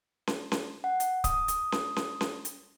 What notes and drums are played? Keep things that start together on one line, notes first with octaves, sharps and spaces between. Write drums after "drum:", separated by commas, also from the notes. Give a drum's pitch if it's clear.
drum: snare C#4
drum: snare C#4
F#5
drum: hi-hat
D#6, drum: kick C#1, hi-hat
drum: hi-hat
drum: snare C#4
drum: snare C#4
drum: snare C#4
drum: hi-hat